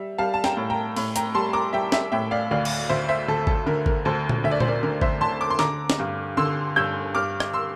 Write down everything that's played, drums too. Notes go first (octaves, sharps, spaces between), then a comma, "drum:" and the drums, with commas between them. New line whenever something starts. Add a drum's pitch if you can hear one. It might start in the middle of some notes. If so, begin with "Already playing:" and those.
Already playing: G3 E5
G3 F5 A5
A5
G5 A#5, drum: snare
A2
G5 A#5
A2, drum: cymbal
G5 A#5, drum: hi-hat
G3 A5 C6
A#5 D6
G3 E5 G5
E5 G5, drum: snare
A2 E5 G5
D5 F5
D2 D5 F5
drum: cymbal
D2 C5 E5
C5 E5
D2 A4
A4, drum: kick G#1
D3 A#4
A#4, drum: kick G#1
D2 A4 C5
drum: tom A#2
D2 E5
D5
C5, drum: tom A#2
A#4 D5
D3 A#4
C5 E5, drum: kick G#1
D2 A5 C6
D6
C6
D3 A#5 D6, drum: snare
drum: snare
G2
D3 C6 E6
G2 E6 G6
G2 D6 F6
drum: rim click
C6 E6